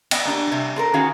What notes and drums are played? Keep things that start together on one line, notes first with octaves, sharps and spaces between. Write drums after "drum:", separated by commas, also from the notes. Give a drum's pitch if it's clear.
B3 D5 D#5 G5, drum: cymbal
A#3 D4 G4
C3 G3
C4 A4 A#4
D#3 B3 C#4 F#4 G#4 F5